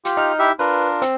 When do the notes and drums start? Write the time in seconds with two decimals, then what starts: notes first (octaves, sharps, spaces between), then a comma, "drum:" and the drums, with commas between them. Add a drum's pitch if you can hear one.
0.05 F4 G4, drum: hi-hat
0.17 D#4 F6
0.39 E4 G4 E5
0.59 D4 F4 A#4 B4
1.02 C4, drum: hi-hat